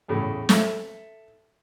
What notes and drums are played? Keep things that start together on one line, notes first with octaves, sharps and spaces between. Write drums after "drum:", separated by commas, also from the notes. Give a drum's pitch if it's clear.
E2 A2 C#3
A4 E5, drum: snare